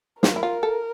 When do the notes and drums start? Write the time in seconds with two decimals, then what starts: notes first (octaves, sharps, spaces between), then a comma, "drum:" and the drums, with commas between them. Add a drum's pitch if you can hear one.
0.23 F4 A#4, drum: snare
0.36 E4
0.43 F4
0.63 A4